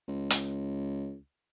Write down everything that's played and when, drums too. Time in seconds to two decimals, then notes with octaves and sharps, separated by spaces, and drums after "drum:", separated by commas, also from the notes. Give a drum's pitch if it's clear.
0.08 C#2
0.30 drum: hi-hat